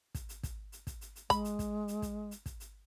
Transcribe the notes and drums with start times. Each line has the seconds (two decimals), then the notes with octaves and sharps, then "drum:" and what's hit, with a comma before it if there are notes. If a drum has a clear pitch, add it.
0.15 drum: kick, hi-hat
0.29 drum: hi-hat
0.43 drum: kick, hi-hat
0.72 drum: hi-hat
0.87 drum: kick, hi-hat
1.01 drum: hi-hat
1.16 drum: hi-hat
1.30 G#3 B5, drum: kick, hi-hat
1.45 drum: hi-hat
1.59 drum: kick, hi-hat
1.88 drum: hi-hat
2.02 drum: kick, hi-hat
2.31 drum: hi-hat
2.46 drum: kick, hi-hat
2.60 drum: hi-hat